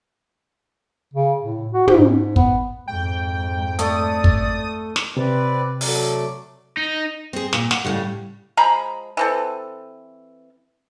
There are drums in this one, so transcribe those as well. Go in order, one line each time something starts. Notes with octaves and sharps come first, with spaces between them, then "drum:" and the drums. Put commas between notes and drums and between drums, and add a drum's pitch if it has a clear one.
C#3
A2
F#4
G#2, drum: tom
G#2
B3, drum: kick
F2 G#2 G5
A3 D5 D#6, drum: hi-hat
drum: kick
drum: snare
C3 C4 B4 D5
F#3 A3 D5, drum: open hi-hat
D#4
C4 G#4
A#2, drum: snare
F#5, drum: snare
A2 C#3 G3
F3 G#3 A#5 B5
E3 C4 A4